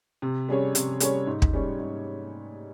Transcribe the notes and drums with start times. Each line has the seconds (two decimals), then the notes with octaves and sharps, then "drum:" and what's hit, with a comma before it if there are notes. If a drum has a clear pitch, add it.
0.22 C3
0.48 G3 C#4 G#4 C#5
0.75 C3, drum: hi-hat
1.00 G3 C#4 G#4 C#5, drum: hi-hat
1.27 G#2
1.42 drum: kick
1.53 G3 C#4 G#4 C#5
1.80 G#2